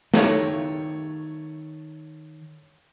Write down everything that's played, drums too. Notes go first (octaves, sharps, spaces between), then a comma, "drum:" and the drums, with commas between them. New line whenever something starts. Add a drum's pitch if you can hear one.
D#3 A3 C#5, drum: snare